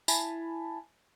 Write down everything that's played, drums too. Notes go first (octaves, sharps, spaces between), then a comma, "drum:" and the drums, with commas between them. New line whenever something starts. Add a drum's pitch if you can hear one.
E4 G#5 A5 B5, drum: tambourine